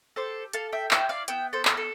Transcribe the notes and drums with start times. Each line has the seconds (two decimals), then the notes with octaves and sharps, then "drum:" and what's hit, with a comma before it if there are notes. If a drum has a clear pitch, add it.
0.16 G4 A4 C5
0.53 A4 F5 A5, drum: hi-hat
0.72 E5 G5
0.91 E4 E5 G5, drum: clap
1.09 D5 F5
1.28 B3 E5 G5, drum: hi-hat
1.53 A4 C5
1.65 A4, drum: clap
1.77 A4